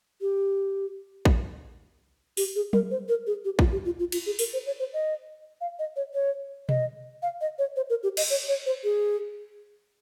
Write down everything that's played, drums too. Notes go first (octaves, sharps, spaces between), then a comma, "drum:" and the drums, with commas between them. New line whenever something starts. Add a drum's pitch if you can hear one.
G4
drum: kick
G4, drum: open hi-hat
G#4
A#4, drum: tom F#3
C5
A#4
G#4
G4
F4, drum: kick
G4
F4
F4
F4, drum: cymbal
G#4
A#4, drum: open hi-hat
C5
C#5
C5
D#5
F5
D#5
C#5
C#5
D#5, drum: tom B2
F5
D#5
C#5
C5
A#4
G4
D#5, drum: cymbal
C#5
C#5
C5
G#4